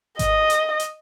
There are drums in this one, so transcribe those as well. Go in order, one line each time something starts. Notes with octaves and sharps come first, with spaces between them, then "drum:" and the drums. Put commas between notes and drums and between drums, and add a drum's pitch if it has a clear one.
D#5, drum: kick G#1, hi-hat
drum: hi-hat
drum: hi-hat